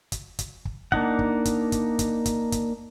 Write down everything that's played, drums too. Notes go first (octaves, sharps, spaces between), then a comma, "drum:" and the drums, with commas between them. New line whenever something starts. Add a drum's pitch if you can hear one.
drum: kick, hi-hat
drum: kick, hi-hat
drum: kick
A#3 D4 D#4 F#5, drum: kick
drum: kick
drum: kick, hi-hat
drum: kick, hi-hat
drum: kick, hi-hat
drum: kick, hi-hat
drum: kick, hi-hat